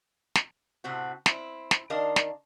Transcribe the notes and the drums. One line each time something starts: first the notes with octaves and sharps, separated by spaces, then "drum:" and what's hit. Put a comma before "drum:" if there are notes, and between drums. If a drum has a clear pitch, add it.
drum: snare
A2 C3 C4 F#4
C4 E4, drum: snare
drum: snare
D#3 D4 A#4 D#5 F5
drum: snare